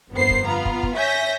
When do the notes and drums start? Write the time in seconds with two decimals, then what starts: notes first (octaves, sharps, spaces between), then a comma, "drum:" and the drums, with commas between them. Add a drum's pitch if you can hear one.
0.12 G1 F2 B3 A#4 C5 C7
0.30 drum: kick
0.46 B3 F4 F5 A#5
0.65 drum: kick
0.83 drum: kick
0.95 C#5 E5 G#5 G6 A#6 B6